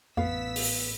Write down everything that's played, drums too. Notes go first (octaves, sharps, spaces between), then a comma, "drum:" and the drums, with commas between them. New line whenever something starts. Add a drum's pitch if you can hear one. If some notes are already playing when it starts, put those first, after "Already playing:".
A1 F2 B3 F5 E6 B6
drum: open hi-hat